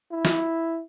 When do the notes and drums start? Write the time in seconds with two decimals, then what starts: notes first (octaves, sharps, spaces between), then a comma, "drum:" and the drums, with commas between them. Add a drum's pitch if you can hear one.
0.11 E4
0.25 drum: snare